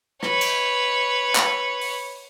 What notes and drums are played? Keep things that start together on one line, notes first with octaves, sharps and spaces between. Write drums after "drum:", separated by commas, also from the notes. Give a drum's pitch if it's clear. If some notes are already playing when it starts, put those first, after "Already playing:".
B4 C#5, drum: rim click
drum: cymbal
drum: clap
drum: open hi-hat